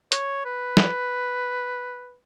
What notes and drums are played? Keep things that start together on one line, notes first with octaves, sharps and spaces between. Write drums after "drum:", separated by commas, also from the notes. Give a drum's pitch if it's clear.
C#5, drum: hi-hat
B4
drum: snare